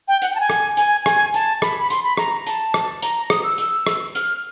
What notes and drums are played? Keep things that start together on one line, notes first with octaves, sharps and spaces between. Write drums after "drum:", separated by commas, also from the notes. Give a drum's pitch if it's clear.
G5
F#5, drum: hi-hat
G5
A5
G#5
drum: rim click
G#5, drum: hi-hat
G#5, drum: rim click
A5, drum: hi-hat
B5, drum: rim click
B5
C6, drum: hi-hat
B5
A#5, drum: rim click
A5, drum: hi-hat
drum: rim click
A#5, drum: hi-hat
D#6, drum: rim click
E6
E6, drum: hi-hat
drum: rim click
F6, drum: hi-hat